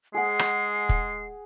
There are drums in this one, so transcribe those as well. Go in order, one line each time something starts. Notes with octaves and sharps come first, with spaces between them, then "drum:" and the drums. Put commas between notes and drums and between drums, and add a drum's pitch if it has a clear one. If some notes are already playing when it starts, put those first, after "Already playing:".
G#3 G#4 F#5 C7
drum: rim click
drum: kick